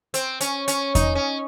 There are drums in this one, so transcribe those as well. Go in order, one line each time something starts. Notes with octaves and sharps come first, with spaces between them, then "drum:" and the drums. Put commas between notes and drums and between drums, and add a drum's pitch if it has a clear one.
C4, drum: hi-hat
C#4, drum: hi-hat
C#4, drum: hi-hat
D#4, drum: kick E2, hi-hat
C#4